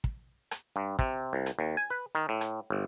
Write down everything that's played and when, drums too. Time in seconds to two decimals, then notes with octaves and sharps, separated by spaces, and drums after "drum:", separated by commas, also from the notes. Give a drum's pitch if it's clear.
0.04 drum: kick
0.51 drum: rim click
0.76 G2
0.99 C3, drum: kick
1.33 C2
1.46 drum: rim click
1.59 D#2
1.77 G#5
1.90 B4
2.15 D#3
2.29 A2
2.41 drum: rim click
2.70 G1